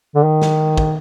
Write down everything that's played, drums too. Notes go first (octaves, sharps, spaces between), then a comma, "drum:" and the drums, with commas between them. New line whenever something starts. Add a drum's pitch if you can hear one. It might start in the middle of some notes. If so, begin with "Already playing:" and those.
D3
D#3
drum: snare
drum: kick